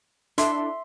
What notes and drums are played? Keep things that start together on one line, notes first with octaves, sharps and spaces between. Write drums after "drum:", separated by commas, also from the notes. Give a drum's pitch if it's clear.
D4 E4 A4 E5 C6, drum: hi-hat